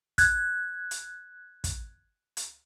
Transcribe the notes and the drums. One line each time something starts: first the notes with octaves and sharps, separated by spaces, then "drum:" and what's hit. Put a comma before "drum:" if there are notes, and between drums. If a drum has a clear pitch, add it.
F#6 G#6, drum: kick, hi-hat
drum: hi-hat
drum: kick, hi-hat
drum: hi-hat